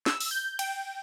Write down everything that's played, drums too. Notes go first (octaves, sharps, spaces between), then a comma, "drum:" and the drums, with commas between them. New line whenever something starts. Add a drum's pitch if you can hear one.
E6, drum: snare
drum: open hi-hat
G6
G5, drum: cymbal